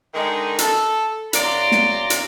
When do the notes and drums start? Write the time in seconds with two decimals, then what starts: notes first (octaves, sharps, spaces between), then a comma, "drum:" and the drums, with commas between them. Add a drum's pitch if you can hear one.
0.14 D3 D#3 G#3 D#4
0.59 A4, drum: hi-hat
1.33 F#2 C#3 D5 A#5 C6, drum: hi-hat
1.72 drum: snare
2.10 drum: hi-hat